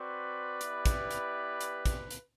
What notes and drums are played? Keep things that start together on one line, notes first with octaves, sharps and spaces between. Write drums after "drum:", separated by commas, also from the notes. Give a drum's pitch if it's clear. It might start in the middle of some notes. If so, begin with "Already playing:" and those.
Already playing: C4 F#4 B4 D5
B3 E4 G4, drum: hi-hat
drum: kick, hi-hat
drum: hi-hat
drum: hi-hat
drum: kick, hi-hat
drum: hi-hat